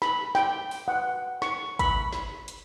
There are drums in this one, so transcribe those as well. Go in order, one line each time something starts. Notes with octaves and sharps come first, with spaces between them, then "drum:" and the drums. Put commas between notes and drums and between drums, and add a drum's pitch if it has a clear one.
B5, drum: snare
G5, drum: snare
drum: open hi-hat
F#5
C#6, drum: snare
B5, drum: kick, hi-hat
drum: snare
drum: hi-hat